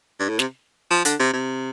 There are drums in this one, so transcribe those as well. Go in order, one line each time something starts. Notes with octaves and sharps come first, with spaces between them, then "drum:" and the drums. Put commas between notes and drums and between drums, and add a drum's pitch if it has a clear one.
G2
A2
C3, drum: snare
F3
D3, drum: hi-hat
C3
C3